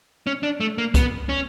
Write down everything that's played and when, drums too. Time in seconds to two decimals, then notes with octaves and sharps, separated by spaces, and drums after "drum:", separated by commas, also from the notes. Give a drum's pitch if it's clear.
0.27 C#4
0.43 D4
0.60 A3
0.78 A#3
0.94 B3, drum: kick, hi-hat
1.29 C#4